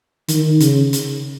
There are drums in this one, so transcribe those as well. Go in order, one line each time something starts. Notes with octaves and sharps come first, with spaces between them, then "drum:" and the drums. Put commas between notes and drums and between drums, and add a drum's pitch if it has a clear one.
D#3, drum: hi-hat
C#3, drum: hi-hat
drum: hi-hat